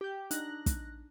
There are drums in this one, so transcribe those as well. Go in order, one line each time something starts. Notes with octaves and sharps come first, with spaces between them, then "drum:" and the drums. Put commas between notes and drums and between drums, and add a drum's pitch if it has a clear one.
G4 G6
D4 D#4 F#6 A#6, drum: hi-hat
drum: kick, hi-hat